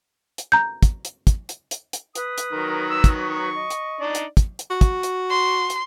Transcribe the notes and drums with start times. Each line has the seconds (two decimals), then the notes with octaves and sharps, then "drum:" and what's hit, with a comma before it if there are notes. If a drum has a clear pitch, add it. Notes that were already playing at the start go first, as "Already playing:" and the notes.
0.38 drum: hi-hat
0.52 A#5 G6
0.83 drum: kick, hi-hat
1.05 drum: hi-hat
1.27 drum: kick, hi-hat
1.49 drum: hi-hat
1.71 drum: hi-hat
1.93 drum: hi-hat
2.15 B4 D#6, drum: hi-hat
2.38 drum: hi-hat
2.52 D#3 F#3 A#4
2.90 E6
3.04 drum: kick, hi-hat
3.20 C#6
3.53 D#5
3.70 drum: hi-hat
4.00 D4 D#4 D5
4.15 drum: hi-hat
4.37 drum: kick, hi-hat
4.59 drum: hi-hat
4.70 F#4
4.81 drum: kick, hi-hat
5.03 drum: hi-hat
5.30 C6
5.70 drum: hi-hat